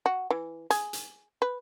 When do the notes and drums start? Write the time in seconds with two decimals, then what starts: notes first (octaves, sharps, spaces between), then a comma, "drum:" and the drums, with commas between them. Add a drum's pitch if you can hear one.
0.06 F#4
0.30 E3
0.70 G#4, drum: hi-hat
0.93 drum: hi-hat
1.42 B4